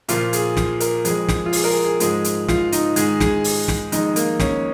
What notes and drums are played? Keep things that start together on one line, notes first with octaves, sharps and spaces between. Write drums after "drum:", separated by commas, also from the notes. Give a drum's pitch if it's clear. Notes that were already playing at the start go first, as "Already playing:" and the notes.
A#2 F3 A#3 F4, drum: hi-hat
G#4, drum: hi-hat
drum: snare
A#4, drum: hi-hat
F2 F3 G#3 G#4, drum: hi-hat
drum: snare
F4
G#4, drum: open hi-hat
A#4
G#4
G#4
G#2 F3 G#3 G#4, drum: hi-hat
drum: hi-hat
F4, drum: snare
D#4, drum: hi-hat
G#2 D#3 G#3 G#4, drum: hi-hat
G#4, drum: snare
drum: open hi-hat
drum: snare
F2 D#3 G#3 D#4, drum: hi-hat
A#3, drum: hi-hat
C#4, drum: snare